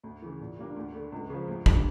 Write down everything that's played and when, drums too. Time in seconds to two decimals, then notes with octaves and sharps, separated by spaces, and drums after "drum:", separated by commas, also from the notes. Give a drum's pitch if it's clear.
0.04 D2
0.22 C#3 E3
0.41 A#2
0.59 G3 A#3 D4
0.76 D2
0.94 D3 A3
1.12 C#2
1.30 C#3 F3
1.48 D2
1.66 D3 G3 D4, drum: kick